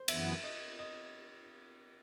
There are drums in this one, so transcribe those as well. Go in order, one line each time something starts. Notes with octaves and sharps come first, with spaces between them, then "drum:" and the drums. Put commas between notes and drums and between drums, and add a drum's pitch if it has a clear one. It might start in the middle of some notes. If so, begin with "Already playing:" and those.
Already playing: C5
F#2 E3 B3 E5, drum: cymbal
D#5
D#5